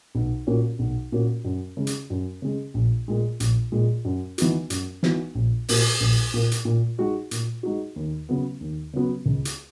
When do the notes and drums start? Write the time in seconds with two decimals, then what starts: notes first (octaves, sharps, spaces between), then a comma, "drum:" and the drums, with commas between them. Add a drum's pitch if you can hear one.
0.15 B1
0.47 A#2 A#3 C#4 F#4
0.79 B1
1.12 A#2 A#3 C#4 F#4
1.45 F#2
1.77 C#3 G#3
1.87 drum: hi-hat
2.10 F#2
2.42 C#3 G#3
2.74 A#1
3.08 A#2 G#3
3.40 A#1, drum: hi-hat
3.72 A#2 G#3
4.05 F#2
4.38 E3 B3 D#4 F#4, drum: hi-hat
4.70 F#2, drum: hi-hat
5.03 E3 B3 D#4 F#4, drum: snare
5.35 A#1
5.68 A#2 A#3, drum: open hi-hat
6.00 A#1
6.34 A#2 A#3
6.52 drum: hi-hat
6.65 A#2
6.98 G#3 D#4 F#4
7.31 A#2, drum: hi-hat
7.63 G#3 D#4 F#4
7.96 D#2
8.29 C#3 F#3 B3
8.61 D#2
8.93 C#3 F#3 B3
9.26 C#2
9.45 drum: hi-hat